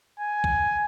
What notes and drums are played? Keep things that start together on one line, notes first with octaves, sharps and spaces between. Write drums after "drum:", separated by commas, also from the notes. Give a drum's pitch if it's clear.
G#5
drum: kick B1